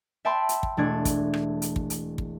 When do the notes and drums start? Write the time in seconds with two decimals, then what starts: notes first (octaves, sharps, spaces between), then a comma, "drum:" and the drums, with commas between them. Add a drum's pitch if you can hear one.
0.25 E5 G5 A5 B5 C6
0.49 drum: hi-hat
0.63 drum: kick
0.77 E1 A3 D4 G#6
1.05 drum: kick, hi-hat
1.34 drum: rim click
1.62 drum: hi-hat
1.76 drum: kick
1.90 drum: hi-hat
2.18 drum: kick